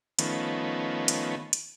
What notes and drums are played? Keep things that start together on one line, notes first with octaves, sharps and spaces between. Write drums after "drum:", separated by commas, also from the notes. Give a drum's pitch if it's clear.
D#3 F3 A3 B3 C#4, drum: hi-hat
drum: hi-hat
drum: hi-hat